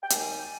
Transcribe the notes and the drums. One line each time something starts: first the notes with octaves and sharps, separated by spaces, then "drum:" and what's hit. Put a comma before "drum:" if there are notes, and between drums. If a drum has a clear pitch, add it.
G5
D#2 D#3 G3 G#5, drum: hi-hat